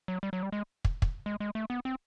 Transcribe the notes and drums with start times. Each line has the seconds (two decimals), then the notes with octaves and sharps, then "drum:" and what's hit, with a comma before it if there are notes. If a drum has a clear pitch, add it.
0.08 F#3
0.23 G3
0.33 F#3
0.43 G3
0.52 G#3
0.85 drum: kick
1.02 drum: kick
1.26 G#3
1.40 G#3
1.55 A3
1.70 B3
1.85 C4